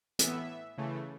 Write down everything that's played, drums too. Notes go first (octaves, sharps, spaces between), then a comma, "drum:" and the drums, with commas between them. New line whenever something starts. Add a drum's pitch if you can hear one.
A2 E3 B3 E5, drum: hi-hat
C#3 E3 A3